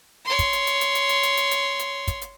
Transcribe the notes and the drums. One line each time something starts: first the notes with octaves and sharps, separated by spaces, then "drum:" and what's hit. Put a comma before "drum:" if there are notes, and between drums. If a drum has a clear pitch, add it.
C#5 C6
drum: kick, hi-hat
drum: hi-hat
drum: hi-hat
drum: hi-hat
drum: hi-hat
drum: hi-hat
drum: hi-hat
drum: hi-hat
drum: hi-hat
drum: hi-hat
drum: kick, hi-hat
drum: hi-hat